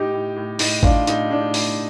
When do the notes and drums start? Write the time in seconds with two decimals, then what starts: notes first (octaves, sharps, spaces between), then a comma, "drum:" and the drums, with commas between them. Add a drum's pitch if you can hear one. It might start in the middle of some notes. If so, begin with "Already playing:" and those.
Already playing: A2 D#4 G4
0.12 A2
0.36 A2
0.59 A2 D#4, drum: open hi-hat
0.83 A2 D4 F4, drum: kick
1.07 A2 D#4, drum: hi-hat
1.30 A2 D4
1.54 A2, drum: open hi-hat